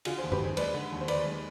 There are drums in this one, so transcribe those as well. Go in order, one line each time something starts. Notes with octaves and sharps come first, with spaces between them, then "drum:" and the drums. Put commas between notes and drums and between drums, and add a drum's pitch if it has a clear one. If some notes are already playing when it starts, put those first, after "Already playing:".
D3 F4 G#4, drum: cymbal
G#4 C5
D#2
G4 B4, drum: tom
D#2 G#4 C5
G#3 B4 D5, drum: cymbal
D3
D#2
C5
D#2 B4 D5, drum: cymbal
G#3